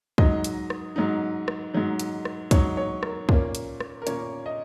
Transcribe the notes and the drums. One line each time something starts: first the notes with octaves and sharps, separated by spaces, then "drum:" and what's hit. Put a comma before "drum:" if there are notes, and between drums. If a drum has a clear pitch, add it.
G#2 F#3 D#4 D#5, drum: kick
drum: hi-hat
drum: rim click
G#2 F#3 D#4
drum: rim click
G#2 F#3 D#4
drum: hi-hat
drum: rim click
G#2 F#3 D#4 C#5, drum: kick, hi-hat
C#5
A#4, drum: rim click
A#2 A#3 C#4, drum: kick
drum: hi-hat
drum: rim click
A#4
A#2 A#3 C#4 C#5, drum: hi-hat
D#5